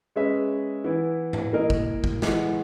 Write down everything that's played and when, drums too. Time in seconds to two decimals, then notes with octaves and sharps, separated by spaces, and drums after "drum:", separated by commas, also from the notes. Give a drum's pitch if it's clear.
0.16 G#3 C#4 G#4 B4 E5
0.84 E3 B3 E4 B4
1.33 drum: tom
1.53 A#3 E4 A#4 D#5
1.70 drum: kick
2.04 drum: kick
2.22 E3 G#3 B3, drum: snare